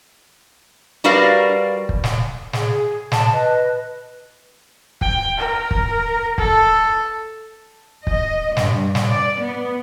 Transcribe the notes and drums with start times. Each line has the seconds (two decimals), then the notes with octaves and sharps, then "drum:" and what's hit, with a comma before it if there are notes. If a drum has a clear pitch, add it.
1.04 G3 F#4 A#4 B4 D5 F5
1.89 drum: kick
2.04 drum: snare
2.53 G#4, drum: snare
3.12 A5, drum: snare
3.32 B4 D#5
5.01 G5, drum: kick
5.37 A#4
5.71 drum: kick
6.38 A4, drum: kick
8.07 D#5, drum: kick
8.57 G2, drum: snare
8.95 drum: snare
9.10 D5
9.40 B3